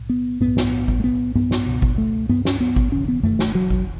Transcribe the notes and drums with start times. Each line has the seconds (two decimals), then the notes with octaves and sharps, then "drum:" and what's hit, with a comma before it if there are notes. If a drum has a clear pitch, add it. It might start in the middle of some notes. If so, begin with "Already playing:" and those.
Already playing: B1 A2
0.09 B3
0.41 B1 A2 B3, drum: tom G2
0.57 drum: snare
0.88 drum: kick G#1
1.00 A3
1.04 B3
1.35 B3, drum: tom G2
1.51 drum: snare
1.67 C#2 B2
1.82 drum: kick G#1
1.98 A3
2.29 B3, drum: tom G2
2.45 C#4, drum: snare
2.60 B3
2.76 drum: kick G#1
2.92 E1 E2 C#3 C#4
3.08 B3
3.23 A3, drum: tom F#2
3.39 drum: snare
3.55 F#3
3.70 drum: kick G#1